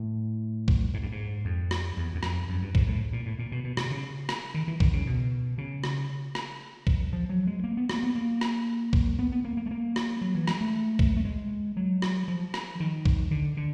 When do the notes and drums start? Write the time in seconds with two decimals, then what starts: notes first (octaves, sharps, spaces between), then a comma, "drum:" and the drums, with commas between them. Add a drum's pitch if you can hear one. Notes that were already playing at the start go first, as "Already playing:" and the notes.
Already playing: A2
0.68 drum: kick B1
0.94 G#2
1.03 G2
1.12 G#2
1.45 F2
1.71 drum: rim click
1.97 E2
2.15 F#2
2.23 F2, drum: rim click
2.49 F#2
2.62 G2
2.75 G#2, drum: kick B1
2.87 A2
3.13 A#2
3.26 A2
3.39 A#2
3.52 B2
3.64 B2
3.77 C3, drum: rim click
3.90 C#3
4.29 drum: rim click
4.54 D#3
4.68 E3
4.80 D#3, drum: kick B1
4.93 C#3
5.07 B2
5.58 C#3
5.84 drum: rim click
6.35 drum: rim click
6.87 drum: kick B1
7.13 F3
7.29 F#3
7.47 G#3
7.64 A#3
7.77 B3
7.89 A#3, drum: rim click
8.03 B3
8.15 A#3
8.41 drum: rim click
8.93 drum: kick B1
9.19 B3
9.32 B3
9.44 A#3
9.57 A#3
9.66 A3
9.71 A#3
9.96 drum: rim click
10.21 F#3
10.35 E3
10.47 G#3, drum: rim click
10.61 A3
10.99 drum: kick B1
11.17 A3
11.25 G#3
11.77 F#3
12.02 drum: rim click
12.28 F3
12.54 drum: rim click
12.80 D#3
13.05 drum: kick B1
13.31 D3
13.57 D3